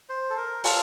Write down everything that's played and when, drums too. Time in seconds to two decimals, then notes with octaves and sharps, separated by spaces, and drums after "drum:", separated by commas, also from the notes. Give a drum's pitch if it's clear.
0.09 C5
0.30 A4
0.37 A#4
0.64 F4 A4, drum: open hi-hat